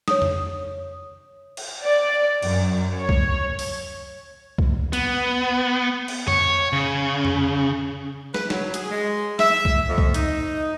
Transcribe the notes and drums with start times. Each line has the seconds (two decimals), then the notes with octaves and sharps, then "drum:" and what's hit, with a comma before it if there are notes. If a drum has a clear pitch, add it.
0.08 C#5 D#6, drum: snare
0.22 drum: tom F2
1.57 drum: cymbal
1.85 D5
2.42 F#2, drum: cymbal
2.96 C#5
3.09 drum: kick C2
3.59 drum: open hi-hat
4.58 drum: kick C2
4.93 B3, drum: hi-hat
6.08 drum: cymbal
6.28 C#5, drum: tom F2
6.73 C#3
7.25 drum: tom F2
8.34 B4, drum: snare
8.50 F#3, drum: snare
8.74 G#4, drum: hi-hat
8.91 G#3
9.39 E5, drum: snare
9.65 drum: kick C2
9.89 F2
9.98 drum: kick C2
10.14 D#4, drum: hi-hat